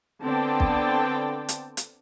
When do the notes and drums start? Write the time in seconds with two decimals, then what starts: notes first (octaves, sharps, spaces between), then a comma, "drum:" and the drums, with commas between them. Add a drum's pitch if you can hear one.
0.22 D3 B3 C4 D5 G5 A5
0.60 drum: kick
1.49 drum: hi-hat
1.77 drum: hi-hat